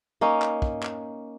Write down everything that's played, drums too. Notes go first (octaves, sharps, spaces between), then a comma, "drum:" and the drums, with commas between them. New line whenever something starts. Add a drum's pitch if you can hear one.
A#3 C#4 D#4
drum: clap
drum: kick
drum: clap